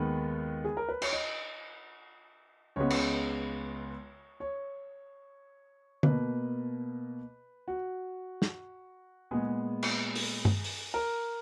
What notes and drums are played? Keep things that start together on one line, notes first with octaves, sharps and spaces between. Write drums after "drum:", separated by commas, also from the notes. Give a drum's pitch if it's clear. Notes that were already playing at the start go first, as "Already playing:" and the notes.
Already playing: D#2 D#3 G#3 B3 B4
G#4
A#4
B4
C#5, drum: cymbal
D#5
C#2 C#3 G#3 B3 C#5
drum: cymbal
C#5
B2 A#3 B4, drum: tom D3
F#4
drum: snare
A#2 G#3 B3 G#4
drum: cymbal
drum: open hi-hat
drum: tom G2
drum: open hi-hat
A#4